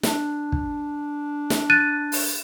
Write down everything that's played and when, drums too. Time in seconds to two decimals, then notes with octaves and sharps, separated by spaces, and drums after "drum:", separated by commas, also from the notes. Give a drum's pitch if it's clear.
0.03 D4, drum: snare
0.52 drum: kick
1.50 drum: snare
1.70 F#6 A6 D#7
2.12 drum: open hi-hat